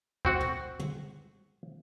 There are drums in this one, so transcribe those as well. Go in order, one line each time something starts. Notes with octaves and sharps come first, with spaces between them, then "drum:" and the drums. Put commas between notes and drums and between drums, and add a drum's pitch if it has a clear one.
C4 F#4 F#5, drum: kick
drum: tom
drum: tom